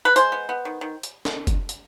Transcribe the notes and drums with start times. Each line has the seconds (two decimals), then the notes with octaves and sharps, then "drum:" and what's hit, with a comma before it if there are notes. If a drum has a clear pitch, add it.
0.05 B4
0.16 G#3 C5, drum: hi-hat
0.32 B3
0.49 B3
0.65 D#3
0.81 D#3
1.03 drum: hi-hat
1.25 drum: snare
1.47 drum: kick, hi-hat
1.69 drum: hi-hat